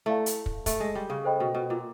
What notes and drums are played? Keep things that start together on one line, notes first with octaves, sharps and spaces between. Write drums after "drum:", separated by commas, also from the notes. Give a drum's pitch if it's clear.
A3 E4 A4 D5 F5 A5
drum: hi-hat
drum: kick
A3, drum: kick, hi-hat
G#3
G3
C#3
A4 C5 D#5 G5 B5
B2
B2
A#2